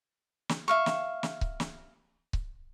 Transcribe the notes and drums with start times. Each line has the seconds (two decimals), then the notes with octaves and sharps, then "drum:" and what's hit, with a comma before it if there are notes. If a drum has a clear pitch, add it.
0.49 drum: snare
0.68 E5 F5 C#6
0.86 drum: snare
1.23 drum: snare
1.41 drum: kick C#1
1.60 drum: snare
2.33 drum: kick C#1